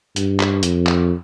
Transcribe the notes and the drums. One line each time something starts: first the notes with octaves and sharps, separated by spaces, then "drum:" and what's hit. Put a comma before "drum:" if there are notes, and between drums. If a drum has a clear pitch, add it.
G2, drum: hi-hat
drum: clap
F2, drum: hi-hat
drum: clap